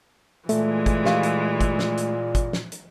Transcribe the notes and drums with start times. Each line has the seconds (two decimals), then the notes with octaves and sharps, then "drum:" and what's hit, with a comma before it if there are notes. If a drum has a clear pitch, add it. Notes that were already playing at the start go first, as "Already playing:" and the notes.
0.49 A#2 E3 G#3 A3, drum: hi-hat
0.86 drum: kick, hi-hat
1.05 G4 F5, drum: snare
1.23 drum: hi-hat
1.61 drum: kick, hi-hat
1.79 drum: snare
1.98 drum: hi-hat
2.35 drum: kick, hi-hat
2.53 drum: snare
2.72 drum: hi-hat